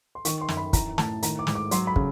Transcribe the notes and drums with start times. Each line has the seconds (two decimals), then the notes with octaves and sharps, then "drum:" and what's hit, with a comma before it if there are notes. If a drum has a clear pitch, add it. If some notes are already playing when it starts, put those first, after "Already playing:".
0.15 C6
0.25 D#3 C#6, drum: hi-hat
0.41 C6
0.48 F#2, drum: snare
0.57 B5
0.73 E3 A#5, drum: kick, hi-hat
0.98 A2 A5, drum: snare
1.23 D#3 A#5, drum: hi-hat
1.39 D6
1.47 G#2, drum: snare
1.55 D6
1.71 F#3 C6, drum: hi-hat
1.87 B5
1.96 C#3, drum: kick